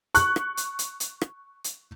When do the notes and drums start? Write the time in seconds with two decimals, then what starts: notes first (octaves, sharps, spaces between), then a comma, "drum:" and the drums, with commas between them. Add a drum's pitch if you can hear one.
0.15 C#6 F#6, drum: hi-hat
0.36 drum: rim click
0.57 drum: hi-hat
0.79 drum: hi-hat
1.00 drum: hi-hat
1.21 drum: rim click
1.64 drum: hi-hat